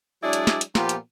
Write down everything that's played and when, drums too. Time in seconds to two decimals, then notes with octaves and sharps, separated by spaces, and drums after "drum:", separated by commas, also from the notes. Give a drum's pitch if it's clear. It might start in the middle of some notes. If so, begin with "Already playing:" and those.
0.23 F#3 G#3 D4 E4 G#4 D5
0.33 drum: hi-hat
0.47 drum: snare
0.61 drum: hi-hat
0.75 A#2 F3 B3 F4 G4, drum: snare
0.89 drum: hi-hat